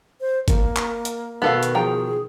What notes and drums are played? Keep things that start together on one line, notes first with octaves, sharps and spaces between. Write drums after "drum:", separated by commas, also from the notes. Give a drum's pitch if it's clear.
C5
A#3, drum: kick G1, hi-hat
drum: clap
drum: hi-hat
B2 D#3 B3 A4 F5
drum: hi-hat
F3 G#4 G5 A#5